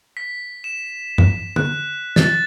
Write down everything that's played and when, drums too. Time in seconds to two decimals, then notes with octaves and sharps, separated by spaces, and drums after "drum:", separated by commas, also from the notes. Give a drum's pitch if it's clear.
0.17 B6
0.64 E7
1.18 drum: tom
1.56 F#6, drum: tom
2.16 A6, drum: snare